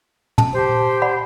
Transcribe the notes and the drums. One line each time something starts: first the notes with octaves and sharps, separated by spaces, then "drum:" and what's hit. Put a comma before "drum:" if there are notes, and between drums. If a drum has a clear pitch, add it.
A5, drum: tom
G4 C5
D5 F#5 B5